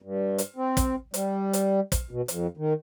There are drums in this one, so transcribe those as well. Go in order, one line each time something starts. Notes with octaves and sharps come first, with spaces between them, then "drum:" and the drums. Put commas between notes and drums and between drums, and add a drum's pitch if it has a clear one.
G2
drum: hi-hat
C4
drum: kick, hi-hat
G3, drum: hi-hat
drum: hi-hat
drum: kick, hi-hat
B2
F2, drum: hi-hat
D#3